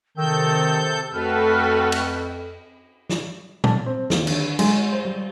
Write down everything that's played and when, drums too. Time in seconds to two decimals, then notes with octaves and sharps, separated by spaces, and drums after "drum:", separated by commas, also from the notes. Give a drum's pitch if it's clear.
0.18 C3 D#3 A4 E6 G6
1.13 F2 A3 F#4 A4 B4 G5 F6
1.92 drum: cymbal
3.10 drum: snare
3.64 A5, drum: tom A#2
3.86 C4
4.10 D#2, drum: snare
4.27 D3, drum: cymbal
4.59 G#3, drum: cymbal
4.92 C5
5.05 G3